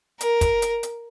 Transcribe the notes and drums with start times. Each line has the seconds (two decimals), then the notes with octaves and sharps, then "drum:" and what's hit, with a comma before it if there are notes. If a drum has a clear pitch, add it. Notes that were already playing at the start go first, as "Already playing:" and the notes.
0.21 A#4, drum: hi-hat
0.41 drum: kick, hi-hat
0.62 drum: hi-hat
0.83 drum: hi-hat